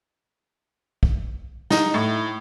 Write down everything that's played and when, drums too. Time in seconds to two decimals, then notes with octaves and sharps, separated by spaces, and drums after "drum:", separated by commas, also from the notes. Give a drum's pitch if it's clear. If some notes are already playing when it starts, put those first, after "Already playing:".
1.03 drum: kick
1.70 D#4, drum: snare
1.94 A2